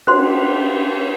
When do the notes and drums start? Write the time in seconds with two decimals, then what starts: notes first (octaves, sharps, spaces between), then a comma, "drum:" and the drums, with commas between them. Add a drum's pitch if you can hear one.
0.07 F#4 C6 F#6, drum: cymbal